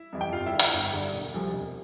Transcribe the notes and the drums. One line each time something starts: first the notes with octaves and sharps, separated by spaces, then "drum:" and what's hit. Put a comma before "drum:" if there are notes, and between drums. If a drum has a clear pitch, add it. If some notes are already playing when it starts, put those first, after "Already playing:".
Already playing: E4 E5
F2 C3 E3
G5
G1 F4 F5
E4 E5
G2 D3
E4 E5, drum: hi-hat
G1
G2 D3
E1
D2 C3 F3
E1